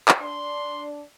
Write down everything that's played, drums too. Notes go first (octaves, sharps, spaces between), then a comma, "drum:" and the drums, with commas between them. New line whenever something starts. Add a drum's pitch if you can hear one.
drum: clap
D4 C6